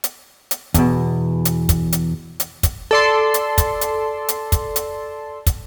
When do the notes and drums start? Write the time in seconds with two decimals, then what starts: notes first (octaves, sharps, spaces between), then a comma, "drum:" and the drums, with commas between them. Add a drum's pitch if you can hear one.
0.04 drum: hi-hat
0.51 drum: hi-hat
0.74 E2 B2, drum: kick, hi-hat
1.45 drum: hi-hat
1.69 drum: kick, hi-hat
1.92 drum: hi-hat
2.40 drum: hi-hat
2.63 drum: kick, hi-hat
2.91 A4 D5 C6
3.34 drum: hi-hat
3.58 drum: kick, hi-hat
3.81 drum: hi-hat
4.28 drum: hi-hat
4.52 drum: kick, hi-hat
4.76 drum: hi-hat
5.46 drum: kick, hi-hat